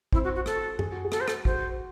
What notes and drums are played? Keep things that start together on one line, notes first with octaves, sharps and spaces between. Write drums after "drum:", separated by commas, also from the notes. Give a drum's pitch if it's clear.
C4 E4 C5, drum: kick A1
F#4
F#4
A4, drum: rim click
G#4, drum: tom F#2
F#4
G#4
A4, drum: rim click
C5
A4, drum: rim click
F#4 C5, drum: kick A1